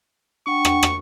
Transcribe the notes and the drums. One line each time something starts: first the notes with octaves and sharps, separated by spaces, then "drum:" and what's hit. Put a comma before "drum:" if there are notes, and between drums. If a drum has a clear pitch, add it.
D4 F#5 G5 C#6
drum: rim click
drum: rim click